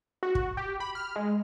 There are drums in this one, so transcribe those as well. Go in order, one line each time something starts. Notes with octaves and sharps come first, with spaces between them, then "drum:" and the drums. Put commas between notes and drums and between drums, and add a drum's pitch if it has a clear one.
F#4
drum: kick
G4
B5
F6
G#3